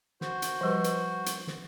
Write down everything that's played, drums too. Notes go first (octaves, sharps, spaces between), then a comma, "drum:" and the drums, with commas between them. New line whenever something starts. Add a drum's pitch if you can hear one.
F#4 C5, drum: snare
drum: hi-hat
F3 G3 B4
drum: hi-hat
drum: hi-hat
drum: snare